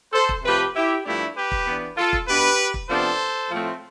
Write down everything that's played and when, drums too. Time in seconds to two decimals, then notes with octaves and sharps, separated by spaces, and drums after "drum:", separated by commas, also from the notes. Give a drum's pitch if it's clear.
0.13 A4 C5
0.29 drum: kick
0.44 C3 F3 A3 G4 B4
0.75 E4 G4
1.05 G2 F3 A3 D4 E4 G4
1.36 G4 B4
1.51 drum: kick
1.67 E3 B3 D4
1.97 F4 A4
2.13 drum: kick
2.28 B2 B3 D4 G4 B4
2.74 drum: kick
2.89 C3 F3 B3 D4 A4 C5
3.51 A2 F3 A3 C4